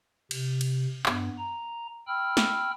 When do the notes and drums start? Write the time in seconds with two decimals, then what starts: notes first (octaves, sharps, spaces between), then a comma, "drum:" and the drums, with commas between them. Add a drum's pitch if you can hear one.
0.31 C3, drum: cymbal
0.61 drum: cymbal
1.06 G2 B3, drum: clap
1.39 A#5
2.07 G5 B5 E6 F6
2.37 drum: snare